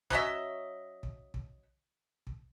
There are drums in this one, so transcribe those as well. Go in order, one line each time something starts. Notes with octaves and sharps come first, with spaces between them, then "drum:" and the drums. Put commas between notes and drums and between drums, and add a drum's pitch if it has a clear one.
F#3 C#4 D#5 E5, drum: kick
drum: kick
drum: kick
drum: kick